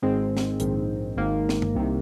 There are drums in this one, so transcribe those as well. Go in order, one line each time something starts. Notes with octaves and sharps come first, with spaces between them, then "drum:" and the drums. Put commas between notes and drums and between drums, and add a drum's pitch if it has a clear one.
G#1 G#2 D#3 G#3 C4
drum: snare
A#1 G#2 D#3, drum: hi-hat
G#1 G#2 D#3 A#3
drum: snare
drum: tom
C2 C3 D#3